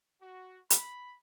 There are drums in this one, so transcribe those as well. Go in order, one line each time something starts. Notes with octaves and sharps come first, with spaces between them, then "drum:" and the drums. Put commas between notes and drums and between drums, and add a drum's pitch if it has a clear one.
F#4
B5, drum: hi-hat